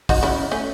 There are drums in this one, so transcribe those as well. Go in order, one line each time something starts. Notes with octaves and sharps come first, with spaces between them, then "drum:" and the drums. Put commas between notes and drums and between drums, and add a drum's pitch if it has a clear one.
D#4 F#4, drum: kick, open hi-hat
C#4 E4
A3 C#4